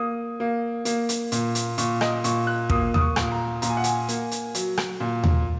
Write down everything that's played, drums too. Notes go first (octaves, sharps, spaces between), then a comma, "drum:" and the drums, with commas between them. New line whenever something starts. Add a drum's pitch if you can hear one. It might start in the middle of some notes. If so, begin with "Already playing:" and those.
Already playing: A#3 D#6
A#3
A#3, drum: hi-hat
drum: hi-hat
A#2, drum: hi-hat
drum: hi-hat
A#2 C#6, drum: hi-hat
D#5, drum: rim click
A#2 C#6, drum: hi-hat
F#6
A#3 D#6, drum: kick
D#6, drum: tom D#2
C#6
A#2, drum: rim click
A#5
A#2 A#5, drum: hi-hat
G#5
F#5
G#5, drum: hi-hat
A#3, drum: hi-hat
drum: hi-hat
F#3, drum: hi-hat
drum: rim click
A#2
drum: tom D#2